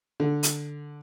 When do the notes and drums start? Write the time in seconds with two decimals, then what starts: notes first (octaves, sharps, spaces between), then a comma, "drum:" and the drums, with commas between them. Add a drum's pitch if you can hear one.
0.20 D3
0.43 drum: hi-hat